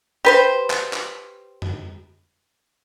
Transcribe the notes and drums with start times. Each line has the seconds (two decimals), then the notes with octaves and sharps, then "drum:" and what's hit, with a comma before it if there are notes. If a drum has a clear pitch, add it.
0.25 G4 B4 C5
0.70 drum: clap
0.93 drum: clap
1.62 drum: tom F2